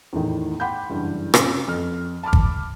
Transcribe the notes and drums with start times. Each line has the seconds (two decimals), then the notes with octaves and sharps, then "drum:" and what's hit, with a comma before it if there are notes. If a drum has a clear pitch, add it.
0.13 E2 A2 D#3
0.60 F#5 G5 B5 C6 D6 G6
0.90 F#1 G2 E3
1.34 C3 C#4, drum: rim click
1.68 F2 F6
2.23 A5 B5 D6 F6
2.33 drum: kick